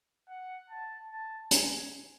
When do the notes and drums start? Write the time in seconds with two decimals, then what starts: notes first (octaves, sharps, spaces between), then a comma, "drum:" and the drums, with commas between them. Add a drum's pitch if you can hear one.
0.29 F#5
0.70 A5
1.11 A5
1.51 G#5, drum: hi-hat